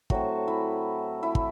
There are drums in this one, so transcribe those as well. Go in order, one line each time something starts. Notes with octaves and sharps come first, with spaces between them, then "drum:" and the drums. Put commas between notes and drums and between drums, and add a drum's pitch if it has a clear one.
A2 F#3 A3 C4 F#4, drum: kick
E4
E4
drum: kick